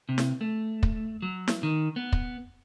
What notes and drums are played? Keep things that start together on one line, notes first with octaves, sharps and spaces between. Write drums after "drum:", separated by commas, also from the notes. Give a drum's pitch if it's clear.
C3
drum: snare
A3
drum: kick
F#3
drum: snare
D#3
B3
drum: kick